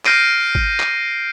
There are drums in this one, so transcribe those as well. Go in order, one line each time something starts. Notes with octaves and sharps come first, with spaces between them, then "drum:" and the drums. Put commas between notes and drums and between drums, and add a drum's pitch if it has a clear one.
F6 G6 A#6 C7 D7 D#7, drum: clap
drum: kick G#1
drum: clap